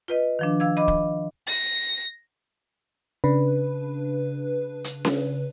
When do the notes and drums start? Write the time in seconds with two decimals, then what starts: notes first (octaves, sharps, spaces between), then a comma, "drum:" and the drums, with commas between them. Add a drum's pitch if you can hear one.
0.08 F4 B4 D#5
0.39 D#3 F3 D4
0.60 F5 E6 G#6
0.77 D#5 B5 D6
0.88 drum: kick
1.48 A#6, drum: open hi-hat
3.24 C#3 D4 B4
4.84 drum: hi-hat
5.05 drum: snare C#4